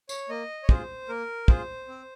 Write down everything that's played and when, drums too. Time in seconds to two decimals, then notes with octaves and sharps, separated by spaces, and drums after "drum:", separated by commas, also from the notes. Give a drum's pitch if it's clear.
0.09 C#5, drum: tambourine
0.29 A#3 D#5
0.63 C#5
0.69 F4 G#4 C5, drum: kick
1.09 A#3 A#4
1.48 F4 G#4 C5, drum: kick
1.88 C4